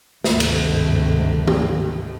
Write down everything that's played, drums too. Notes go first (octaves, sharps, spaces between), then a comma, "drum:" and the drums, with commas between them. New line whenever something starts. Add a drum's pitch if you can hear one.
G1 D2 G#2 C3 D#3 A3, drum: snare
drum: cymbal
drum: tom D#3